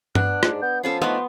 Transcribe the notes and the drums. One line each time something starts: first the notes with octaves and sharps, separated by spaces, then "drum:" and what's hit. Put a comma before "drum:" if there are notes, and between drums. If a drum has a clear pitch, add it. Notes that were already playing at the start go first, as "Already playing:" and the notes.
B3 D4 F#6, drum: tom G2
G#2, drum: rim click
B3 G6
F3 B3 C#4 A4 C7
A3 B3 D4 D#4 C6